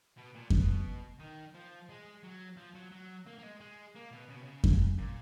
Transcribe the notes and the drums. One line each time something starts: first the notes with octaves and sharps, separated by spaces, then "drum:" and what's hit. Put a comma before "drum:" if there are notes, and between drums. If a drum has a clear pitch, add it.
B2
A#2
B2, drum: kick F2
D#3
F3
G#3
F#3
F3
F#3
F#3
A#3
A#3
G#3
G#3
A#3
B2
C#3
B2
C#3
drum: kick F2
A#2